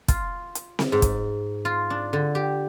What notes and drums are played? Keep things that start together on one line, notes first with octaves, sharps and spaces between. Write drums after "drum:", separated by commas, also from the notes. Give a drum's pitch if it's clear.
F4, drum: kick, hi-hat
drum: hi-hat
drum: snare C4
G#2
drum: kick, hi-hat
F4
D4
D3
G4